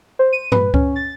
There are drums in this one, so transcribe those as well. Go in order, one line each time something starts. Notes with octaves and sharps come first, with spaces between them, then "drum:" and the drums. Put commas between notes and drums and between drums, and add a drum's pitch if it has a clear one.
C5
D#7
B4, drum: tom G2
C#4, drum: kick C#2
A6